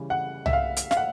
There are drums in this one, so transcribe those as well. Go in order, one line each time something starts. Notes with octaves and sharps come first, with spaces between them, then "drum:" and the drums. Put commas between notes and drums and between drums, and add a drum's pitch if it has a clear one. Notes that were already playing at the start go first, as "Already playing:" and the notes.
Already playing: C#3 E3 G3
F#5
E5, drum: tom C2
F5
drum: hi-hat
F5, drum: snare
F#5